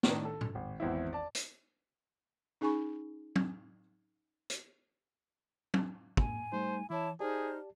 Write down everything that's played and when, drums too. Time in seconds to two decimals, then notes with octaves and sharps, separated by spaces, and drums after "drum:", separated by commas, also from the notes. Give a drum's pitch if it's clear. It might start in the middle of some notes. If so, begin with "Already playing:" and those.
0.03 A2 D#3 D4 D#4, drum: snare
0.25 A4
0.41 drum: tom A#2
0.55 G#1
0.80 G#1 E2 C4 E4
1.13 D5 A5
1.35 drum: hi-hat
2.61 C#4 D#4 G#4 G#5 B5 C#6
3.36 drum: tom
4.50 drum: hi-hat
5.74 drum: tom
6.17 F2 G#2 A#3 G#5, drum: kick
6.52 G3 A3 D#4 C5
6.90 E3 E4 C#5 A5 D6
7.20 D#4 G4 G#4 C5 D5 A5 F6